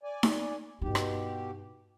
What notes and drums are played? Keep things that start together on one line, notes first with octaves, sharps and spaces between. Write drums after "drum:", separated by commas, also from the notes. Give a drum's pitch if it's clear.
D5 G#5
drum: snare D#4
G2 B2 D#4 G4
drum: rim click